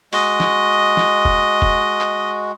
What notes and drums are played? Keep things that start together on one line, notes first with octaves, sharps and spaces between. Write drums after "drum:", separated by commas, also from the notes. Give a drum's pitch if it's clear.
G#3 F#4 D#5, drum: open hi-hat
drum: snare
drum: snare
drum: kick
drum: kick
drum: clap